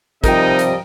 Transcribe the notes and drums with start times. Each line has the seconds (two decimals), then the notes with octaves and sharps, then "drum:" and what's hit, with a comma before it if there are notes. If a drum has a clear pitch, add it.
0.24 C3 F3 G3 D#4 A#4 D#5 G5, drum: kick, hi-hat
0.59 drum: hi-hat